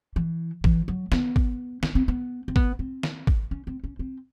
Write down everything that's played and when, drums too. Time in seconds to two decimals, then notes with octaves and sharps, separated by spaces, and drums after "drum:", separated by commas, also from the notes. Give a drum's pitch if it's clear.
0.16 E3
0.64 E3, drum: kick
0.88 F#3
1.12 B3, drum: snare
1.36 drum: kick
1.83 C#4, drum: snare
1.95 C4
2.08 B3
2.48 C4
2.56 B3, drum: kick
2.79 C4
3.03 drum: snare
3.27 drum: kick
3.51 C#4
3.67 C4
3.84 C#4
3.99 C4